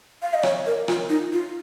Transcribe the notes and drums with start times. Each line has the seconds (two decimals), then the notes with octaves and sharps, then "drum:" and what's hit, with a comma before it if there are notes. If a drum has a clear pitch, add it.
0.22 F5
0.34 D#5
0.43 C#5, drum: rim click
0.66 A#4
0.88 F4, drum: rim click
1.09 D#4
1.33 F4